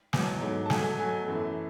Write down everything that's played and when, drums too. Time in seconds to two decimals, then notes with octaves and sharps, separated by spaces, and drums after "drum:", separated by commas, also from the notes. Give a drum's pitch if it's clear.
0.13 E2 B2 F#3 G#5, drum: snare
0.41 G#2 F#3 A3
0.66 A5
0.70 B2 F#3 A3 G#5, drum: snare
0.84 G#5
0.99 B2 F#3 A3 G#5
1.27 F#2 E3 A3